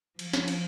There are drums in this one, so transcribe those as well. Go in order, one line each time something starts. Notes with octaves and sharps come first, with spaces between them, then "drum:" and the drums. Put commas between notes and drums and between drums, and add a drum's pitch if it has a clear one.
F3, drum: cymbal
drum: snare
drum: cymbal